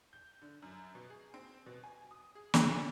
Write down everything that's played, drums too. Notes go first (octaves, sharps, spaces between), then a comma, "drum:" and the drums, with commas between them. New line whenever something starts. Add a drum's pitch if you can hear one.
G6
D3
F#2
B2
G#4
C4
B2
G#5
D#6
G#4
drum: snare
A#1